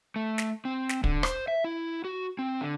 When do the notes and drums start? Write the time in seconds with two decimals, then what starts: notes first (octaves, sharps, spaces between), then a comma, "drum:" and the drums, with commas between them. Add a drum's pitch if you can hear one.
0.16 A3
0.38 drum: snare
0.65 C4
0.89 drum: snare
1.04 D3, drum: kick
1.23 C5, drum: rim click
1.48 E5
1.64 E4
2.05 F#4
2.39 C4
2.61 D3